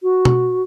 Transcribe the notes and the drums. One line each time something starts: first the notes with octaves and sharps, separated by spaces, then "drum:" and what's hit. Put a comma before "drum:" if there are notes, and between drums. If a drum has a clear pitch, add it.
F#4
drum: tom B2